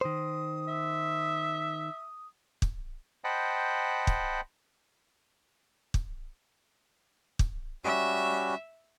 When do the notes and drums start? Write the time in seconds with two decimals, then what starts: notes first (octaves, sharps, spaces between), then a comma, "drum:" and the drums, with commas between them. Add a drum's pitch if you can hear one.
0.01 D#3 C5 D#6
0.68 E5
2.62 drum: kick
3.24 C5 D#5 F#5 G5 A5 B5
4.07 drum: kick
5.94 drum: kick
7.39 drum: kick
7.85 G3 C#4 F#4 E5